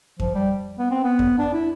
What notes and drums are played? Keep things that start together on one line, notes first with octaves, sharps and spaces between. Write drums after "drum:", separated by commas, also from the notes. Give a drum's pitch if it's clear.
F3, drum: kick F2
G3
B3
C4
B3
drum: kick F2
D4
E4